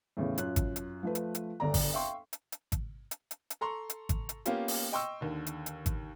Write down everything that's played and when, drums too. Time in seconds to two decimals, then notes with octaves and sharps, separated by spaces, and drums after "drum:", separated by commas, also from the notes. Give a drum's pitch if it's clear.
0.17 E2 A2 C#3
0.38 F#2 F4 F#6, drum: hi-hat
0.56 drum: kick G#1, hi-hat
0.76 drum: hi-hat
1.03 F3 A3 B4
1.15 drum: hi-hat
1.35 drum: hi-hat
1.60 G1 D2 D5 A#5
1.74 drum: kick G#1, open hi-hat
1.93 E5 F5 G5 C6 C#6
2.33 drum: hi-hat
2.52 drum: hi-hat
2.72 drum: kick G#1, hi-hat
3.11 drum: hi-hat
3.31 drum: hi-hat
3.50 drum: hi-hat
3.61 A4 A#5 C6 C#6
3.90 drum: hi-hat
4.09 drum: kick G#1, hi-hat
4.29 drum: hi-hat
4.46 A#3 B3 C#4 F4 G4, drum: hi-hat
4.68 drum: open hi-hat
4.92 D#5 G5 C6 C#6 E6
5.21 D#2 D3
5.46 drum: hi-hat
5.66 drum: hi-hat
5.86 drum: kick G#1, hi-hat